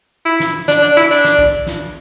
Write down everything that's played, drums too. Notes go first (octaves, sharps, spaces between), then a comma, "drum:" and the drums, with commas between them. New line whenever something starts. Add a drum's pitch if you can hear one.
E4
drum: snare
D4, drum: snare
D4
E4
D4
drum: snare
drum: kick
drum: snare